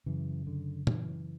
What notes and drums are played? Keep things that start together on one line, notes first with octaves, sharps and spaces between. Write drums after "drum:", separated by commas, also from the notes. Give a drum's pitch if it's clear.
F#2 C#3 E3
D3
E3, drum: tom